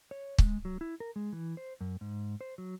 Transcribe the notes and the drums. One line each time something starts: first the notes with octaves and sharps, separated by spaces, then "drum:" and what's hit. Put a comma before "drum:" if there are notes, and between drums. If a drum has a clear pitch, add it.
C#5
G#3, drum: kick
F#3
E4
A#4
G#3
E3
C5
F#2
G#2
C5
F#3